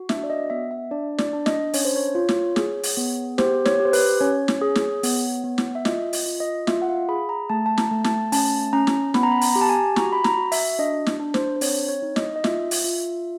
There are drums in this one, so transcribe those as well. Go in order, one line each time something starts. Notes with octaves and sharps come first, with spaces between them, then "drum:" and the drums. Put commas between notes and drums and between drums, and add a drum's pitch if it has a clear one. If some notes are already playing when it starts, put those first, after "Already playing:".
Already playing: F#4
D4 E5, drum: snare
D5
D#5
B3 E5
E5
D4 D5
D5, drum: snare
D4
D#5, drum: snare
C#4 C#5, drum: open hi-hat
C5
C#5
F4
drum: snare
G#4, drum: snare
drum: open hi-hat
B3
G4 C5, drum: snare
C#5, drum: snare
G4
C5
B4, drum: open hi-hat
C#4 C#5
drum: snare
G#4
drum: snare
B3, drum: open hi-hat
B3
drum: snare
E5
F4 D#5, drum: snare
D#5, drum: open hi-hat
F4
D#5
F4 E5, drum: snare
F#5
F5
G#4 B5
A#5
A3 A5
A5
A#5, drum: snare
A3
A5, drum: snare
C#4 A5, drum: open hi-hat
C#4 A#5
drum: snare
B3 B5, drum: snare
A#5
B5
A#5, drum: open hi-hat
G4 A#5
A5
G#5
F#4 A#5, drum: snare
B5
A#5, drum: snare
F#4
E5, drum: open hi-hat
D4 D#5
drum: snare
D4
C5, drum: snare
C5
C4 C#5, drum: open hi-hat
C#5
D#4
D#5, drum: snare
D#5
F4 E5, drum: snare
drum: open hi-hat
F4